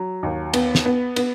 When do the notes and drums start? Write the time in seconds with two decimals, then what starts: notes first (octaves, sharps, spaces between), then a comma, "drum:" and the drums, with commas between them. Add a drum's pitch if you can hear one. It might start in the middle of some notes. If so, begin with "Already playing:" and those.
Already playing: F#3
0.23 D#2
0.54 B3, drum: cymbal
0.75 drum: snare
0.86 B3
1.16 B3, drum: cymbal